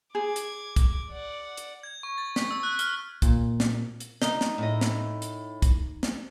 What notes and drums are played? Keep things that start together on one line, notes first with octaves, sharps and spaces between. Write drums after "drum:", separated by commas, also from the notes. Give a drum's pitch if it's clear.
G#4 D6 G#6
drum: hi-hat
drum: kick, hi-hat
D5 F#5
drum: hi-hat
G#6
C#6
A6
B6, drum: snare
E6
F#6
F6, drum: hi-hat
A#2, drum: kick, hi-hat
drum: snare
drum: hi-hat
D#4, drum: snare
drum: snare
A2 D#5
drum: snare
drum: hi-hat
drum: kick, hi-hat
drum: snare